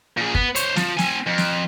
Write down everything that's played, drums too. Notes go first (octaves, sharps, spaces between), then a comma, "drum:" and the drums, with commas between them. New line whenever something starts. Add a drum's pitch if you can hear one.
A#2 G#4
B3, drum: kick
C5 C#5, drum: hi-hat
F3, drum: snare
C4 G#5, drum: snare
F2
drum: snare